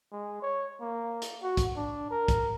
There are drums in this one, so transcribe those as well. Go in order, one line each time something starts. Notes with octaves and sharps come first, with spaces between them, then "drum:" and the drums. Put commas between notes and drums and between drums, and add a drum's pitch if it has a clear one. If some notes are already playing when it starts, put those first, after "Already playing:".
G#3
C#5
A#3
drum: hi-hat
F#4
drum: kick, hi-hat
D4
A#4
drum: kick, hi-hat